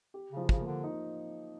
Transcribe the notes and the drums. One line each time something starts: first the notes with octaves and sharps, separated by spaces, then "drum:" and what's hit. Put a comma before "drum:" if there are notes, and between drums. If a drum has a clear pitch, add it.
G4
C#3 F3
C#3, drum: kick
A#3
D3
D#4